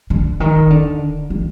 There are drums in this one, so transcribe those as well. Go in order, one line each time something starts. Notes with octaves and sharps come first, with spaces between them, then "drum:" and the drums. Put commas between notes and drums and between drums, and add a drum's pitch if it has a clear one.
D3
D#3
drum: kick D#1
D3
E3